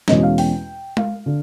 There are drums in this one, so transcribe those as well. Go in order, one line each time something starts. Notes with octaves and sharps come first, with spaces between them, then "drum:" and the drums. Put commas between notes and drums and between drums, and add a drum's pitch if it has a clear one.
E2 B2 G#3 C#4 D#5, drum: snare
F5
G5, drum: open hi-hat
F5, drum: tom G#3
D3